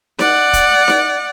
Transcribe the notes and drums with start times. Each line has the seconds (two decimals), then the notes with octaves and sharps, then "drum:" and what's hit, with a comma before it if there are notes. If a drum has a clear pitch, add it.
0.19 D5 F#5, drum: snare D#4
0.53 drum: kick, hi-hat
0.88 drum: snare D#4